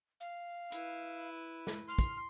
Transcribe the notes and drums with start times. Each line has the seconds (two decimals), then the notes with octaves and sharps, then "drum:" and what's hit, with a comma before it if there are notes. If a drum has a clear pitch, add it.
0.20 F5
0.72 E4 B4, drum: hi-hat
1.67 drum: snare
1.88 C6 F6
1.99 drum: kick, hi-hat